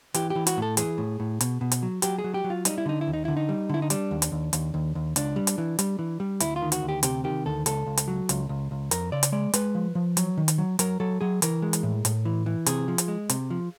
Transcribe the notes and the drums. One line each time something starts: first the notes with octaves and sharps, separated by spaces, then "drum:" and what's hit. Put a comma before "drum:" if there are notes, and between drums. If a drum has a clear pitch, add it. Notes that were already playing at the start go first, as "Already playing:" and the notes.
E3 G4, drum: hi-hat
G4
E3
F#4, drum: hi-hat
A2
A4
E3 G#4, drum: hi-hat
A2
A2
B2, drum: hi-hat
B2
drum: hi-hat
F#3
F#3 G4, drum: hi-hat
G#4
F#3
G4
F#3
F4
G3 D#4, drum: hi-hat
E4
D3 D#4
E4
D#2
D#4
D3 E4
D#4
G3
D3 E4
D#4
G3 D4, drum: hi-hat
D#2
drum: hi-hat
D#2
D#2, drum: hi-hat
D#2
D#2
C#2 D4, drum: hi-hat
G3
drum: hi-hat
E3
G3, drum: hi-hat
E3
G3
D2 E4, drum: hi-hat
F4
D#3
F#4, drum: hi-hat
D2
G4
C3 G4, drum: hi-hat
D#3 G4
D2 A4
C#2 A4, drum: hi-hat
C#2
drum: hi-hat
F#3
C#2, drum: hi-hat
C#2
C#2
F2 A#4, drum: hi-hat
C#3 D5
drum: hi-hat
G#3 D5
G#3 B4, drum: hi-hat
F3
F3
F#3, drum: hi-hat
D#3
drum: hi-hat
F#3
F#3 A#4, drum: hi-hat
F#3 A4
F#3 G#4
E3 A#4, drum: hi-hat
G#3
drum: hi-hat
A2
A2, drum: hi-hat
E3
E3
C3 G#4, drum: hi-hat
F3
drum: hi-hat
G#3
C3, drum: hi-hat
F3